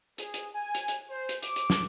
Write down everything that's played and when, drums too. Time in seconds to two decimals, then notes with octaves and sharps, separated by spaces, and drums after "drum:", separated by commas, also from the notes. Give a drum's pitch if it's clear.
0.18 G#4, drum: hi-hat
0.34 drum: hi-hat
0.53 G#5
0.75 drum: hi-hat
0.88 drum: hi-hat
1.10 C5
1.29 drum: hi-hat
1.43 D6, drum: hi-hat
1.56 drum: hi-hat
1.70 drum: snare